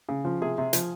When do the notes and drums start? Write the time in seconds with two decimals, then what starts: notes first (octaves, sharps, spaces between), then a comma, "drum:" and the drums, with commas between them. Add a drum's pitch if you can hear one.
0.09 C#3
0.25 F3
0.41 C3 G#4
0.58 C3
0.73 F3, drum: hi-hat